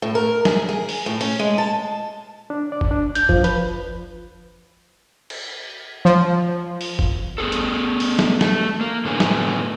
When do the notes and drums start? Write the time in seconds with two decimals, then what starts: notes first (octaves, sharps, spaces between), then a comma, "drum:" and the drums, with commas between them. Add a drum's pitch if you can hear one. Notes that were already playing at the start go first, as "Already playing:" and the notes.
0.02 A2
0.15 A#4
0.45 G#4, drum: snare
0.69 G#4
0.89 drum: open hi-hat
1.06 A2
1.21 C#4, drum: open hi-hat
1.39 G#3
1.58 A5
2.50 D4
2.72 D5
2.81 drum: kick G1
2.91 D4
3.15 G6, drum: hi-hat
3.29 F3, drum: kick G1
3.44 B4, drum: hi-hat
5.30 drum: cymbal
6.05 F3
6.81 drum: open hi-hat
6.99 drum: kick G1
7.38 B3 G#4 A4
7.52 drum: hi-hat
8.00 drum: open hi-hat
8.19 drum: snare
8.41 A3, drum: snare
8.81 A#3
9.05 A2 D3 A3 B3 G#4
9.20 drum: snare